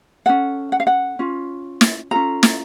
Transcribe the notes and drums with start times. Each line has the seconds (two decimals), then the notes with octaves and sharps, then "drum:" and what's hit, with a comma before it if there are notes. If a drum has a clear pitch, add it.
0.26 C#4 F4 A4 F#5
0.72 F#5
0.80 F5
0.87 F#5
1.19 C#4 F4
1.81 drum: snare
2.11 C#4 F4 A4 A#5
2.43 drum: snare